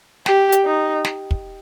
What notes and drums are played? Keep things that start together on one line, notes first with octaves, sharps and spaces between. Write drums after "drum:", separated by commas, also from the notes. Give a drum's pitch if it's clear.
G4, drum: snare
drum: hi-hat
D#4
drum: snare
drum: kick